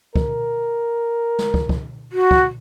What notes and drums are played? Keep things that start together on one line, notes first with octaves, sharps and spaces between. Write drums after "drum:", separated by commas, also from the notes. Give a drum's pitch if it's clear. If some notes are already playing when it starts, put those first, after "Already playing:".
A#4, drum: kick
drum: snare
drum: kick
drum: kick
F#4
drum: kick